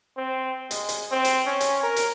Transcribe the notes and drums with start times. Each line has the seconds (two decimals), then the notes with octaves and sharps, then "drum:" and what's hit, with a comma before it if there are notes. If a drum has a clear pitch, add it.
0.18 C4
0.71 G#3, drum: hi-hat
0.89 drum: hi-hat
1.12 C4
1.25 drum: hi-hat
1.46 C#4
1.60 drum: hi-hat
1.83 A#4
1.96 drum: hi-hat